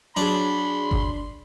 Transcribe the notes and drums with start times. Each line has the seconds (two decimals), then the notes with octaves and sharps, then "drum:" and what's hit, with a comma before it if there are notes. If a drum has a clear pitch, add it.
0.17 F#3 D4 G#4 B5 C6
0.91 drum: kick G1